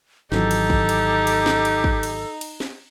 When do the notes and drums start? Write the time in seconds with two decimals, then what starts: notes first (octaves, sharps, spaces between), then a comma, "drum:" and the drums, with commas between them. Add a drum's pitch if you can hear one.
0.32 G#1 E3 F#3 D#4 G4 A4, drum: snare
0.51 drum: cymbal
0.70 drum: kick
0.89 drum: cymbal
1.27 drum: cymbal
1.46 drum: snare
1.65 drum: cymbal
1.84 drum: kick
2.03 drum: cymbal
2.41 drum: cymbal
2.60 drum: snare